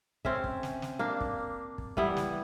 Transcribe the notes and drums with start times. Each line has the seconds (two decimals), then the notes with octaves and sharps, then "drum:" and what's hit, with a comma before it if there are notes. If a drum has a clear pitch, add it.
0.25 C4 C#4 E5, drum: kick
0.44 drum: kick
0.63 drum: snare
0.82 drum: snare
0.99 A#3 D4
1.21 drum: kick
1.78 drum: kick
1.97 E3 G3 B3 E4, drum: kick
2.17 drum: snare